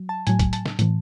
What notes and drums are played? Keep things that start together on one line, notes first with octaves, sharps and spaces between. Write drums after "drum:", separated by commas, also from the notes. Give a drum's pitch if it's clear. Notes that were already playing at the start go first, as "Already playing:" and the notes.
Already playing: F#3
A5
A2 F#3 G#5, drum: hi-hat
drum: kick, hi-hat
A5, drum: hi-hat
drum: snare
A2 E3, drum: hi-hat